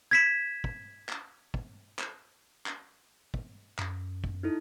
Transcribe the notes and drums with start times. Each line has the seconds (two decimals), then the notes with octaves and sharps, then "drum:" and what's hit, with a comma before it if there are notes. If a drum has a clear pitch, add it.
0.11 G#6 B6 E7
0.64 drum: kick
1.09 drum: clap
1.54 drum: kick
1.99 drum: clap
2.66 drum: clap
3.34 drum: kick
3.79 F#2, drum: clap
4.24 drum: kick
4.43 D#4 E4 A4